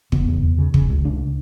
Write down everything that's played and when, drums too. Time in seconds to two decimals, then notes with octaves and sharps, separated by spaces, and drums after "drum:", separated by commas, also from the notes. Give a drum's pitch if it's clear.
0.12 C#3 B3, drum: kick
0.28 E2
0.43 E2
0.58 C#3
0.74 C#3, drum: kick
0.90 C#2
1.04 C#3 D4